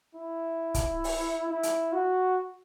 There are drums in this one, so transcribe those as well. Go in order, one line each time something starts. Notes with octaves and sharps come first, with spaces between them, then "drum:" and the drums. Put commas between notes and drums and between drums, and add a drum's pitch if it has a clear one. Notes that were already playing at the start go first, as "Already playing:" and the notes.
E4
drum: kick C#1, hi-hat
drum: open hi-hat
E4
drum: hi-hat
F#4